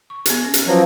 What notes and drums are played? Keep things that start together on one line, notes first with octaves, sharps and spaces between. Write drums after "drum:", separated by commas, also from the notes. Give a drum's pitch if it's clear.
C#6
B3 G#4, drum: hi-hat
C#4
drum: hi-hat
F3 F#3 C#4 B4 D#5